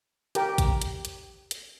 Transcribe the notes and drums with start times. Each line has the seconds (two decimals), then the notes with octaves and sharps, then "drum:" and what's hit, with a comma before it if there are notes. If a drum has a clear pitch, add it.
0.35 G4 A#4 G5, drum: hi-hat
0.58 drum: kick A1, hi-hat
0.82 drum: hi-hat
1.05 drum: hi-hat
1.51 drum: hi-hat